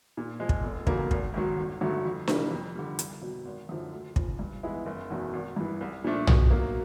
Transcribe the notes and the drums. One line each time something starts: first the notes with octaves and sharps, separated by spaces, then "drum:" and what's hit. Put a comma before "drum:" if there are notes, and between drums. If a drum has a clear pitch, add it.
A#2
F3 G#3
drum: kick
F1
E2 C#3 F#3 A#3, drum: kick
G#1, drum: kick
G#2 D#3 F#3
G1
G2 D3 F#3 A3
F2
C3 E3 G3 A#3, drum: snare D4
F2
D3 G3
C2, drum: hi-hat
B2 F#3
G#1
F#2 D3 F3
D2
C#3 F3, drum: kick
G2
E3 G#3 B3 E4
F#1
E2 B2 F#3 A3
G#1
G2 E3
C2
A#2 F3 A3 D4
B2, drum: tom
F#3 A#3